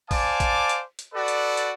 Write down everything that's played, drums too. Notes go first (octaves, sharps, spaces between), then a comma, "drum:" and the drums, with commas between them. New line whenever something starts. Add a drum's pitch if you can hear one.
C5 D5 F5 G#5 A5 D6, drum: kick, open hi-hat
drum: kick, hi-hat
drum: hi-hat
drum: hi-hat
F#4 A4 B4 D5
drum: hi-hat
drum: hi-hat